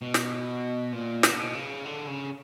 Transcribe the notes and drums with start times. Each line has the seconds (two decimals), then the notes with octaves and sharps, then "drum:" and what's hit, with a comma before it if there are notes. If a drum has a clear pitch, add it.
0.02 B2
0.14 drum: snare
0.93 A#2
1.23 B2, drum: snare
1.55 C#3
1.86 D3
2.08 C#3